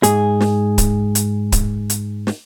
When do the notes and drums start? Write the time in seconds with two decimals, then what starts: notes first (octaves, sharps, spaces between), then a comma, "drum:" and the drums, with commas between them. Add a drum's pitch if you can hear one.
0.03 G#2 G#4, drum: hi-hat
0.41 drum: snare
0.78 drum: kick C#1, hi-hat
1.15 drum: hi-hat
1.52 drum: kick C#1, hi-hat
1.90 drum: hi-hat
2.27 drum: snare